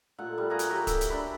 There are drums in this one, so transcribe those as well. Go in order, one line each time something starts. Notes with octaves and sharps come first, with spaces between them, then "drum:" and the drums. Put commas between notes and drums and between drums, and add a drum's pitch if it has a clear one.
A#2 A3 F#5
G3
F#4 G#4 F5 A#5
drum: hi-hat
F#3 A3 G4
E5, drum: kick D1, hi-hat
drum: hi-hat
D4 A#5 B5